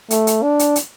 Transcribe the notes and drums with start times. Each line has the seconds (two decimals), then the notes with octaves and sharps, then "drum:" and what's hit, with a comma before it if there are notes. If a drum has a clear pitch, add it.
0.11 A3, drum: hi-hat
0.27 drum: hi-hat
0.43 D4
0.59 drum: hi-hat
0.76 drum: hi-hat